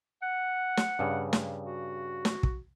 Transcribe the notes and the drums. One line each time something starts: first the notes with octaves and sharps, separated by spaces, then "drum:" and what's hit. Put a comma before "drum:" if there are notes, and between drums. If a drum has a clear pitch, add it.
F#5
drum: snare
G2 C#3
drum: snare
F#4
drum: snare
drum: kick